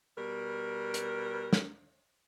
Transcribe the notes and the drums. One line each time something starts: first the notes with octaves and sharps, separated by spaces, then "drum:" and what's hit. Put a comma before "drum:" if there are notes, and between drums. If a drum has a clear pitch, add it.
B2 G3 A#4
drum: hi-hat
drum: snare